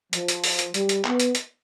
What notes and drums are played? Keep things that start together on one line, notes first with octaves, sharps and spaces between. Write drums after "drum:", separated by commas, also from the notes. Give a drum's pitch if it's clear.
F3, drum: hi-hat
drum: hi-hat
drum: open hi-hat
drum: hi-hat
G3, drum: hi-hat
drum: hi-hat
B3, drum: clap
drum: hi-hat
drum: hi-hat